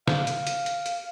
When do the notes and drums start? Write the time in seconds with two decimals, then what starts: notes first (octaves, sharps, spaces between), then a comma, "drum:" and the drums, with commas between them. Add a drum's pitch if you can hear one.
0.08 F5, drum: snare
0.27 drum: hi-hat
0.47 drum: hi-hat
0.66 drum: hi-hat
0.86 drum: hi-hat